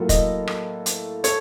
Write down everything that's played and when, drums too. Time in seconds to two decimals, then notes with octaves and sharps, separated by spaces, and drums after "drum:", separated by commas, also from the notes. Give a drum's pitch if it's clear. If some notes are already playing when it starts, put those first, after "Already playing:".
Already playing: A2 F#3 A#3 F4 A4
0.09 D#5, drum: kick, hi-hat
0.47 drum: rim click
0.86 drum: hi-hat
1.24 A4 C#5, drum: hi-hat